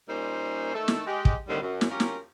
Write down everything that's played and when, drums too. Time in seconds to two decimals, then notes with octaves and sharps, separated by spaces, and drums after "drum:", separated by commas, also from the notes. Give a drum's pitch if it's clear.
0.09 A#2 G3 A#3 C#4 D#4 C5
0.75 D#3 A3 A4
0.88 drum: snare
1.06 G#3 G4
1.25 drum: kick
1.49 D#2 A2 D3 D#3 G3 C4
1.62 F#2
1.81 drum: snare
1.91 F#3 C#4 F4 G4 A#4
2.00 drum: snare